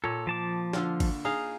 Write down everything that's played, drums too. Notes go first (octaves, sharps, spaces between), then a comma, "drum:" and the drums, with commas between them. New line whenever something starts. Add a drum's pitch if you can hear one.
A#2 A4 C#5
F3 A5 D6
D3 F4, drum: snare
drum: kick, cymbal
D#4 G#4 F5